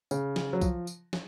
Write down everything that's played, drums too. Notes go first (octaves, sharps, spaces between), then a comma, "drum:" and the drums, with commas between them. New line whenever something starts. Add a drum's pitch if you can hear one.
C#3, drum: tambourine
drum: snare
F#3
F3, drum: kick, tambourine
drum: tambourine
drum: snare